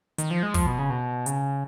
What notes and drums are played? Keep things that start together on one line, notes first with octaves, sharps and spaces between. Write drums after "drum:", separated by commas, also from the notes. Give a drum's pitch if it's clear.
D#3, drum: hi-hat
F3
G#3
F3, drum: kick, open hi-hat
B2
C#3
B2
C#3, drum: hi-hat